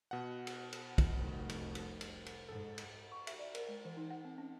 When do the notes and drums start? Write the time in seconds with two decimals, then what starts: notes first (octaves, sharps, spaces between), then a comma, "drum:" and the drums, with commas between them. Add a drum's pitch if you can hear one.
0.11 B2 F#5
0.47 drum: cymbal
0.73 drum: cymbal
0.98 drum: kick, cymbal
1.15 F1 C2
1.49 drum: cymbal
1.75 drum: cymbal
2.01 drum: cymbal
2.26 drum: cymbal
2.49 G#2 A4
2.78 drum: cymbal
3.12 C#6
3.27 E5, drum: cymbal
3.39 D5
3.55 A#4, drum: cymbal
3.68 G#3
3.85 E3
3.97 D#4
4.11 F#5
4.25 C4
4.38 C#4